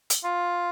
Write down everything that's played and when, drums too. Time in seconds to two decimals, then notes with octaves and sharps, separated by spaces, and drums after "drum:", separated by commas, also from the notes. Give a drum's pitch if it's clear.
0.10 drum: hi-hat
0.24 F4